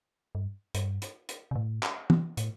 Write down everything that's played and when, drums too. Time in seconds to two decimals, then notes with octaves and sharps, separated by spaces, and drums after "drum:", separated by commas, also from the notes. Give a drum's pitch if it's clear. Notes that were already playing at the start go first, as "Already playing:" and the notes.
0.35 G2
0.75 G2, drum: hi-hat
1.02 drum: hi-hat
1.29 drum: hi-hat
1.51 C3
1.56 A2
1.83 drum: clap
2.10 drum: tom
2.37 A2, drum: hi-hat